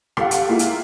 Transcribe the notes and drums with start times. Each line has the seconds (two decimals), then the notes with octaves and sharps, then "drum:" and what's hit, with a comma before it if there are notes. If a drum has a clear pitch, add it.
0.17 G4 A4 F5 F#5, drum: rim click
0.31 drum: hi-hat
0.49 G#3 A#3 E4 F4
0.59 drum: hi-hat